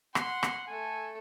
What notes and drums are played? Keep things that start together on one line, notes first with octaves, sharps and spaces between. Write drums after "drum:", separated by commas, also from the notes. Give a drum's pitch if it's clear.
F#5 C6, drum: rim click
drum: rim click
A3 A4 G#5